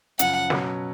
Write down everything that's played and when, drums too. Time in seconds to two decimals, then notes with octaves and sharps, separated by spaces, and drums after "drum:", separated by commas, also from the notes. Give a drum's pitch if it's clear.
0.19 F#2 C#3 F3 F#5, drum: hi-hat
0.50 B2 F#3 C#4, drum: snare